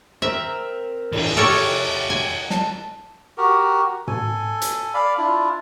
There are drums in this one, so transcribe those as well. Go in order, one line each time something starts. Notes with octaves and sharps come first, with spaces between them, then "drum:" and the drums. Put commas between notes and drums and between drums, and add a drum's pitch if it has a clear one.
C4 A#4 E5
E3 D4, drum: cymbal
A3 G4 A4 A#4 C#5 F#5 G5
G#5
A5, drum: snare
F#4 G4 A#4
A4 G#5, drum: tom
drum: hi-hat
D5 F5 B5
D4 E4 F4